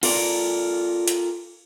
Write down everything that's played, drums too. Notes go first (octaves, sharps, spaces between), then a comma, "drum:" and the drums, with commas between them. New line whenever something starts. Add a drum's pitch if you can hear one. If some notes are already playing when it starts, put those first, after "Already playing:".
F4 A4 A#4 D5, drum: cymbal
drum: hi-hat